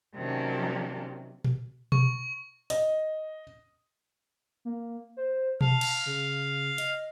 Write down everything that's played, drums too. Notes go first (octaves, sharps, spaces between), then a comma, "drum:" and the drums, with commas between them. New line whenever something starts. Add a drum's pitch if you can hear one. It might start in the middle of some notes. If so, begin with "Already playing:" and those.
C3 D#3 F#3 A#3 C#4 D4
drum: tom A#2
C#6, drum: tom B2
D#5, drum: hi-hat
A#3
C5
F5 A5, drum: tom B2
drum: cymbal
C#3
D#5, drum: hi-hat